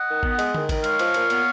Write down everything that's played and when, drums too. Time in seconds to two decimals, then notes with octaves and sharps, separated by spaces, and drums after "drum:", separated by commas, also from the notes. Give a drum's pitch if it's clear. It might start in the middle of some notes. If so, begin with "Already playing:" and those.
Already playing: D#5 F#5
0.09 D#3
0.23 B3, drum: kick G#1
0.39 G#3, drum: cymbal
0.55 D#3, drum: tom D3
0.69 D#3, drum: kick G#1, cymbal
0.84 G#3 C#5 F5, drum: cymbal
0.99 F3, drum: cymbal
1.14 A#2, drum: cymbal
1.30 B3, drum: cymbal